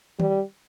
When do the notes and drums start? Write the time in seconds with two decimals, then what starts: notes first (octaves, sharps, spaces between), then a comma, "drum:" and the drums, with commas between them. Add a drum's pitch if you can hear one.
0.20 G3, drum: tom